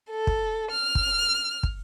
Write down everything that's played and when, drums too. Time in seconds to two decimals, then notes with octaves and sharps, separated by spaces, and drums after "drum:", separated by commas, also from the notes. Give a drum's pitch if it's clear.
0.10 A4
0.27 drum: kick
0.71 F6
0.95 drum: kick
1.63 drum: kick